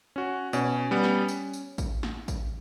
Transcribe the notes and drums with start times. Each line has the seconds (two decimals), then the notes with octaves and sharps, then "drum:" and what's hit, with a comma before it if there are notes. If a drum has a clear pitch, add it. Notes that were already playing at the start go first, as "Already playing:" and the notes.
0.16 C#4 F#4
0.53 B2 C#4, drum: tambourine
0.91 G3 B3
1.04 drum: snare
1.28 drum: tambourine
1.53 drum: tambourine
1.78 drum: kick A1, tambourine
2.03 drum: snare
2.28 drum: kick A1, tambourine